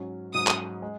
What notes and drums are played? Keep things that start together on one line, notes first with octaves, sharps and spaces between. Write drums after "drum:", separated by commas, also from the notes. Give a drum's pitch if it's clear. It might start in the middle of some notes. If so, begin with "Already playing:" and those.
Already playing: G#2 F#3 C#4
G#2 F#3 C#4 D#6
drum: clap
G#3